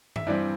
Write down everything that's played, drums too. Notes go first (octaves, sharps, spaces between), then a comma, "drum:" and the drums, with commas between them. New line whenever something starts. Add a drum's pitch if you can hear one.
E5, drum: tom G2
G2 E3 G3 C4 D5